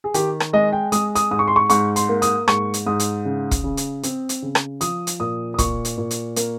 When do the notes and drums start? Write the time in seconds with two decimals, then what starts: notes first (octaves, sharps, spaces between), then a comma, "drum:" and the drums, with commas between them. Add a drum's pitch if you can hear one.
0.04 G#4
0.14 D#3 G4, drum: hi-hat
0.40 drum: rim click
0.53 G#3 D#5
0.73 G5
0.92 G#3 D#6, drum: hi-hat
1.15 D#6, drum: hi-hat
1.31 G#2 D#6
1.39 C#6
1.48 C6
1.56 C#6
1.70 G#2 C#6, drum: hi-hat
1.96 C6, drum: hi-hat
2.09 A#3
2.22 D#6, drum: hi-hat
2.48 G#2 C#6, drum: rim click
2.74 drum: hi-hat
2.86 G#2 D#6
3.00 drum: hi-hat
3.25 C#3
3.51 drum: kick, hi-hat
3.64 C#3
3.77 drum: hi-hat
4.03 C4, drum: hi-hat
4.29 drum: hi-hat
4.42 C#3
4.55 drum: rim click
4.81 F3 D#6, drum: hi-hat
5.07 drum: hi-hat
5.20 A#2 D#6
5.54 D#6
5.58 A#2 C#6, drum: kick, hi-hat
5.85 drum: hi-hat
5.98 A#2
6.11 drum: hi-hat
6.36 A#3, drum: hi-hat